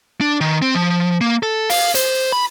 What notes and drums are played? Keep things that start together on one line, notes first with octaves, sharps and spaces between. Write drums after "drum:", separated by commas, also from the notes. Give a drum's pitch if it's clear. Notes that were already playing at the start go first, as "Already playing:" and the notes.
D4
D#3
C4
F3
A#3
A4
F5, drum: open hi-hat
C5, drum: hi-hat
B5